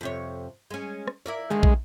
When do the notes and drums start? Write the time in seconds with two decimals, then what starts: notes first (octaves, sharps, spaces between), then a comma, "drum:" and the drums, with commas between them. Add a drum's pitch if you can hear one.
0.01 F2 C3 C#5
0.71 G#3 C#4
1.08 drum: rim click
1.26 E4 A#4 D5
1.50 D3 D#3 G#3 D#4
1.63 drum: kick